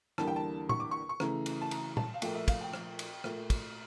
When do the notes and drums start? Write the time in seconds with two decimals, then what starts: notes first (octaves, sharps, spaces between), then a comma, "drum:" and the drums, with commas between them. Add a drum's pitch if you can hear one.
0.18 E2 D3 G3 A#3 A5, drum: rim click
0.28 G5
0.36 A5
0.69 C#6, drum: tom A#2
0.80 D6
0.91 C#6
1.09 C#6
1.20 C#3 E3 A3 A#5, drum: rim click
1.46 drum: cymbal
1.62 A5
1.71 A#5, drum: cymbal
1.97 A5, drum: tom A#2
2.14 F5
2.22 A#2 F3 A3 G5, drum: cymbal
2.35 E5
2.48 F5, drum: kick, cymbal
2.61 G5
2.74 drum: rim click
2.99 drum: cymbal
3.24 A#2 A3, drum: rim click
3.50 drum: kick, cymbal